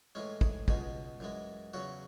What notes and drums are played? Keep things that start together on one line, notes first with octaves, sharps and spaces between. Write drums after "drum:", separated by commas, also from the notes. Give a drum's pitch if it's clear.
A2 E3 G#3 C#4
G#4, drum: kick
C#2 B2 G#3 G#4, drum: kick
F#2 E3 G#3
E2 C#3 F#3 F#4